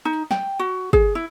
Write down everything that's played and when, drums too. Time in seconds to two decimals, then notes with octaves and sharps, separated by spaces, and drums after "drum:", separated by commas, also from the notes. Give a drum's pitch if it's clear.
0.05 D#4
0.31 G5, drum: snare
0.59 F#4
0.93 G#4, drum: kick
1.15 E4